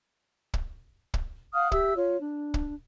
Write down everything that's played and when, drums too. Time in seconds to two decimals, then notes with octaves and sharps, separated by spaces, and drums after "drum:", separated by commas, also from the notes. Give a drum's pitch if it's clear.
0.54 drum: kick
1.14 drum: kick
1.54 F5 F#5 D#6 F6
1.72 G4 E5 E6, drum: kick
1.96 F4 C#5
2.21 D4
2.54 drum: kick